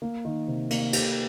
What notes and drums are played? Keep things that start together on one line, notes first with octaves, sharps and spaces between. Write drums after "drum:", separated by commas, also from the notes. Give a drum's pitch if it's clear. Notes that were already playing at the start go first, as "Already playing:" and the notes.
A#3
D#3
C3
A#3, drum: cymbal
G4, drum: cymbal